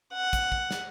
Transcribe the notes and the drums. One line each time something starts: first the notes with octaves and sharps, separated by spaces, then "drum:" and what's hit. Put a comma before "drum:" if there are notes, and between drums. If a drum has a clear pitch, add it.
F#5
drum: kick, hi-hat
drum: kick
drum: snare